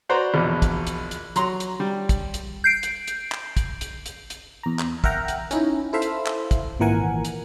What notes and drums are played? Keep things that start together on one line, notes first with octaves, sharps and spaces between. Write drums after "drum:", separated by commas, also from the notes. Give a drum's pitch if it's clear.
F#4 B4 C5 D5 A#5
A#1 E2 B2
drum: kick, hi-hat
drum: hi-hat
drum: hi-hat
F#3 A#5 C6, drum: hi-hat
drum: hi-hat
G3
drum: kick, hi-hat
drum: hi-hat
G6 C7 D7
drum: hi-hat
drum: hi-hat
drum: clap
drum: kick, hi-hat
drum: hi-hat
drum: hi-hat
drum: hi-hat
E2 A#5
drum: clap
A#4 E5 F#5 G5 A#5, drum: kick
drum: hi-hat
C#4 D#4 E4, drum: hi-hat
E4 A4 C5 E5 F5
drum: hi-hat
drum: clap
drum: kick, hi-hat
G#1 A#2 E3 A#4 F#5 G#5
drum: hi-hat